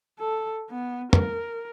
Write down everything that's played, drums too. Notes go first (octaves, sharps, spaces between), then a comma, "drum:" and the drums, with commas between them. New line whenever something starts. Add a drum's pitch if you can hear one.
A4
B3
A#4, drum: tom